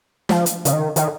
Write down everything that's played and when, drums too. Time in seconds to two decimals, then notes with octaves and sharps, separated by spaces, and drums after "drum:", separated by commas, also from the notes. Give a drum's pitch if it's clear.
0.29 F3, drum: snare
0.46 drum: hi-hat
0.65 C#3, drum: hi-hat
0.73 D#3
0.96 D#3, drum: hi-hat